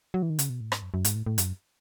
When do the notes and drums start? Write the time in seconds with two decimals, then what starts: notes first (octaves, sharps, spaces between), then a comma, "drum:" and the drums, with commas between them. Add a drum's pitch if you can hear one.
0.14 F#3
0.22 E3
0.30 D#3
0.39 C#3, drum: hi-hat
0.50 B2
0.61 A2
0.72 G#2, drum: rim click
0.82 F#2
0.94 F#2
1.05 G#2, drum: hi-hat
1.15 A2
1.26 A2
1.38 F#2, drum: hi-hat